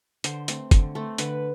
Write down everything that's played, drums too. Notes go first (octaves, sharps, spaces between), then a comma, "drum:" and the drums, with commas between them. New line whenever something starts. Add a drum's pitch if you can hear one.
D3 C5, drum: hi-hat
A3 C4, drum: hi-hat
D3, drum: kick F#1, hi-hat
A3 C4
D3 B4, drum: hi-hat